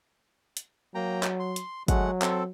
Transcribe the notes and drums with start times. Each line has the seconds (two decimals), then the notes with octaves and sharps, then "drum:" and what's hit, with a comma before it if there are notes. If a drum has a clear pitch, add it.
0.57 drum: hi-hat
0.95 F#3 A#3 G5 A#5
1.23 drum: clap
1.40 C6
1.56 drum: hi-hat
1.88 F#3 G#3 A3 F#5, drum: kick, hi-hat
2.22 C4 A4, drum: clap